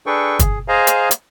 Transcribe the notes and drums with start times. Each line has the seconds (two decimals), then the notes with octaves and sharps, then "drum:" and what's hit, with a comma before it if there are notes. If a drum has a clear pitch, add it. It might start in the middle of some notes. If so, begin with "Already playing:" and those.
0.06 D4 G#4 A4 B4 G5 C#6
0.39 G#4, drum: kick, hi-hat
0.68 G#4 C5 D#5 F5 G#5 A#5
0.87 drum: hi-hat
1.11 drum: hi-hat